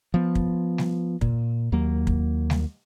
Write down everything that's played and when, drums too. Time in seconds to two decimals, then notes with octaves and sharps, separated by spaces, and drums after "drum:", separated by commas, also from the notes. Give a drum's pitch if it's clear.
0.14 F3 B3
0.35 drum: kick
0.78 drum: snare G3
1.21 A#2, drum: kick
1.72 D#2 F#3 A#3
2.07 drum: kick
2.50 drum: snare G3